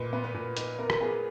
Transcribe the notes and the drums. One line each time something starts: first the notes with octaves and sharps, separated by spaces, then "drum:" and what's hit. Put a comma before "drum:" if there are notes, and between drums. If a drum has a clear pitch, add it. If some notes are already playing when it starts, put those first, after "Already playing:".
Already playing: A#2 D#4 B4
B3
B4
A#2
D#4 B4, drum: hi-hat
B3 A#4
drum: rim click
B3 G#4